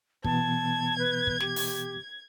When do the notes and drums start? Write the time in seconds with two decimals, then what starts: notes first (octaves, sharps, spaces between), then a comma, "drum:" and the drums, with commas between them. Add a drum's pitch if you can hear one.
0.24 B2 E3 B3 A5 G#6, drum: kick
0.99 B4
1.27 drum: kick
1.40 G4, drum: snare
1.56 drum: open hi-hat